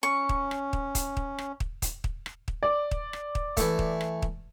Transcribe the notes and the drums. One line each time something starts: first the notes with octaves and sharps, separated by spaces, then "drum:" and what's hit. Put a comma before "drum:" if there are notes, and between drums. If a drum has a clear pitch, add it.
C#4 C#6
drum: kick
drum: rim click
drum: kick
drum: kick, hi-hat
drum: kick
drum: rim click
drum: kick
drum: kick, hi-hat
drum: kick
drum: rim click
drum: kick
D5
drum: kick
drum: rim click
drum: kick
E3 A3, drum: kick, hi-hat
drum: kick
drum: rim click
drum: kick